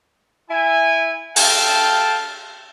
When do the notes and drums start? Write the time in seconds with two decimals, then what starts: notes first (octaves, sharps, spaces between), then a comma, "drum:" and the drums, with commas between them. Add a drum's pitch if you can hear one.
0.49 E4 G#5
1.36 A4 F5 G5 A5, drum: open hi-hat